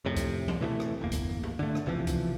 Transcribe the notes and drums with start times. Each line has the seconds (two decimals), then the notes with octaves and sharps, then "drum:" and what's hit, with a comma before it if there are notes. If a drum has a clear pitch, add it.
0.05 F2 A2 C3
0.16 drum: kick C#2, hi-hat
0.48 drum: tom E3
0.61 B2 E3 F#3 A3
0.80 drum: rim click
1.01 G1 E2 A#3
1.12 drum: kick C#2, hi-hat
1.43 drum: tom G2
1.59 D3 A3
1.75 drum: rim click
1.86 B1 C3 E3 F3
2.07 drum: kick C#2, hi-hat